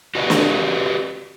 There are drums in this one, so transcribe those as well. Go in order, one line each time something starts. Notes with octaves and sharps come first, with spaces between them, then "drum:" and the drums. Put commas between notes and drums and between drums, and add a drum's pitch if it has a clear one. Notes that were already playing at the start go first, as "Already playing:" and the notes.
F#4 G4 B4 D5 D#5
drum: snare